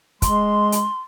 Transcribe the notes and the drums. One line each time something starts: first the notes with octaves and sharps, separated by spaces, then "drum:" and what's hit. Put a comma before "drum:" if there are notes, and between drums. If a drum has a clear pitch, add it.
G#3 C6, drum: kick, hi-hat
drum: hi-hat